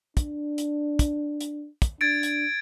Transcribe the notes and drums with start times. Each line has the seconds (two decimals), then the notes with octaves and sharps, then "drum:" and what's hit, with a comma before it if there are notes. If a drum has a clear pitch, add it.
0.17 D4, drum: kick, hi-hat
0.58 drum: hi-hat
0.99 drum: kick, hi-hat
1.41 drum: hi-hat
1.82 drum: kick, hi-hat
2.01 D4 G#6 A6 D7
2.23 drum: hi-hat